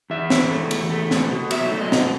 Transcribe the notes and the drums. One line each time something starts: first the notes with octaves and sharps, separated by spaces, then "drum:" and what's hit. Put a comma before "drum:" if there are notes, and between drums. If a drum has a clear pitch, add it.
E2 E5
B2, drum: snare
A3
E2, drum: cymbal
A3
B2, drum: snare
B2
F#3 E5, drum: cymbal
A3
D#5
B2, drum: snare